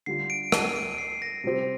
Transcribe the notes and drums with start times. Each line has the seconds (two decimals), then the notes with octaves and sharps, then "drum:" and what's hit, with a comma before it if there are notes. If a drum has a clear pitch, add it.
0.06 D3 G3 D4 F4 C7
0.30 D7
0.52 D#7, drum: rim click
0.76 D7
0.95 D7
0.98 C7
1.22 A#6
1.44 C3 G3 C4 G4